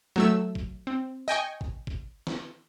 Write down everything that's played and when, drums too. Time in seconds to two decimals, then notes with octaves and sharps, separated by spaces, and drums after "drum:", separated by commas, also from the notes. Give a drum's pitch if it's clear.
0.16 F#3 A3 E6, drum: snare
0.55 drum: kick G#1
0.87 C4
1.28 D#5 G5 G#5 C#6
1.61 drum: kick G#1
1.87 drum: kick G#1
2.27 drum: snare